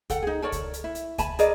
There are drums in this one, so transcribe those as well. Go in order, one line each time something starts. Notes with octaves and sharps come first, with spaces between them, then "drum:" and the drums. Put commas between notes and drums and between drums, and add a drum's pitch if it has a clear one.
A4 F#5 G5, drum: kick C#2, hi-hat
D#4 G#4
A4 A#4 C#5 D5
drum: kick C#2, hi-hat
drum: hi-hat
E4
drum: hi-hat
G#5 A5 B5, drum: kick C#2, hi-hat
G#4 A#4 D5 D#5, drum: hi-hat